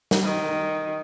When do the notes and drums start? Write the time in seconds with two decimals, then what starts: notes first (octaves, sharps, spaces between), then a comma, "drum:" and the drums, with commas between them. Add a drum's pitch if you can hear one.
0.11 drum: snare
0.23 D#3